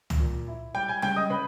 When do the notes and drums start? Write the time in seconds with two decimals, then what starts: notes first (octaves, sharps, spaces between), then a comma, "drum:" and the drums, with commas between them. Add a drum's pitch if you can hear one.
0.10 drum: tom
0.20 A#2
0.48 E4
0.75 G3 G5 G6
0.88 G#5 G#6
1.02 C#3 G5 G6, drum: tom G3
1.16 D#5 D#6
1.30 C#3 B4 B5